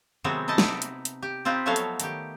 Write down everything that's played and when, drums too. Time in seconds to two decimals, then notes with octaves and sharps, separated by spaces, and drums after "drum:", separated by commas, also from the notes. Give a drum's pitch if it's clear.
0.24 C3 D#3 F#3 G#3 B3 C4
0.48 D#4 E4 D#5 A5
0.58 drum: snare
0.82 drum: hi-hat
1.05 drum: hi-hat
1.23 G4
1.45 C4 D#4 F4 G4 B4
1.66 F3 F#3 A3 B3 C#5 F5
1.76 drum: hi-hat
2.00 D#3 G4, drum: hi-hat